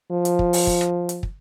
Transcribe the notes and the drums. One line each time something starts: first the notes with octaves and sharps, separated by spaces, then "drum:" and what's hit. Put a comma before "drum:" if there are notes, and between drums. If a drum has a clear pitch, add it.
F3
drum: hi-hat
drum: kick
drum: open hi-hat
drum: kick
drum: rim click
drum: hi-hat
drum: kick